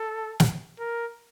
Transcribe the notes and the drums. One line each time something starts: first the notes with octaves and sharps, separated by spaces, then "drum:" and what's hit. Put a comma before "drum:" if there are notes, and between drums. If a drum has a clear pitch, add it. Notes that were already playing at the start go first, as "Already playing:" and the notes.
Already playing: A4
drum: snare
A#4